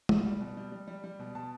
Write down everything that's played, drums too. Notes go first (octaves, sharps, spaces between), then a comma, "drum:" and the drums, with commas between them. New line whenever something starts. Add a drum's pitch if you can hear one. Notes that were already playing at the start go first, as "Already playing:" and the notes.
G3, drum: tom
G3
B2
G3
G3
G3
G3
B2
B2 A5